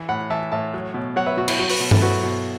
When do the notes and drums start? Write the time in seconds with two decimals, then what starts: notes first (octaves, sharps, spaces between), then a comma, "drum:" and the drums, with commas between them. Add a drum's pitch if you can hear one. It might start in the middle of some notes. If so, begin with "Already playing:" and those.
Already playing: E3
0.09 A2 F#5 B5
0.30 E3 E5 A5
0.52 A2 E5 A5
0.74 F#3
0.94 B2
1.16 F#3 C#5 F#5
1.26 B4 E5
1.37 B2 F#4
1.48 E4, drum: cymbal
1.59 F#3 F#4
1.69 F#4 B4, drum: open hi-hat
1.80 B2 F#4
1.91 E4 A4, drum: tom G2
2.01 F#3 F#4 B4
2.23 B2